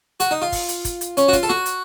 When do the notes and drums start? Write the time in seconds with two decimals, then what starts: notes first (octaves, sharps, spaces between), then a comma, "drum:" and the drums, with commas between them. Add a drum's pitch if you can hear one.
0.20 F#4, drum: hi-hat
0.31 D#4
0.42 F4
0.52 drum: kick, open hi-hat
0.68 drum: hi-hat
0.85 drum: kick, hi-hat
1.01 drum: hi-hat
1.17 C#4, drum: hi-hat
1.28 F#4
1.33 F4, drum: kick, hi-hat
1.43 A4
1.49 F#4, drum: snare
1.66 drum: hi-hat